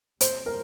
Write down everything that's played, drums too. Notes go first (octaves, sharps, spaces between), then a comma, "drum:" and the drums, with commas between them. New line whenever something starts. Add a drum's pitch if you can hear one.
C3 G3 C4 C5, drum: hi-hat
A#4